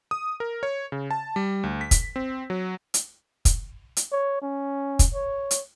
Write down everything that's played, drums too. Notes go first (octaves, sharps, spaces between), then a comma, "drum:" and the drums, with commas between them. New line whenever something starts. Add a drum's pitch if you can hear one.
D#6
A#4
C#5
C#3
A5
G3
D2
B6
drum: kick, hi-hat
C4
F#3
drum: hi-hat
drum: kick, hi-hat
drum: hi-hat
C#5
C#4
drum: kick, hi-hat
C#5
drum: hi-hat